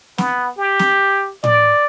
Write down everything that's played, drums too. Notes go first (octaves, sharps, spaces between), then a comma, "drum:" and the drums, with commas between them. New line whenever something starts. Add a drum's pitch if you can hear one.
B3, drum: snare
G4
drum: snare
D5, drum: tom A2